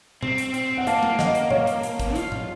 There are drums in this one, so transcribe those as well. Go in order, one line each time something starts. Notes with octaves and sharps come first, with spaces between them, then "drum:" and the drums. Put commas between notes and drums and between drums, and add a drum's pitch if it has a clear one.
C4, drum: tom A#2
drum: hi-hat
C4, drum: hi-hat
C4 F#5
A#3 F5 A5, drum: hi-hat
drum: tom G#3
D#5 F#5, drum: snare
drum: hi-hat
C#5 F5, drum: tom A#2
drum: hi-hat
drum: hi-hat
drum: kick, hi-hat
F4, drum: hi-hat
drum: tom A2